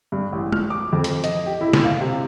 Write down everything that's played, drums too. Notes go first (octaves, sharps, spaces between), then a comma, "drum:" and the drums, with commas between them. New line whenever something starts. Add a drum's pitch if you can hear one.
G2
A1
F6, drum: tom G#3
D6
F2
drum: hi-hat
D#5, drum: hi-hat
G4
E4
drum: snare
F5
C3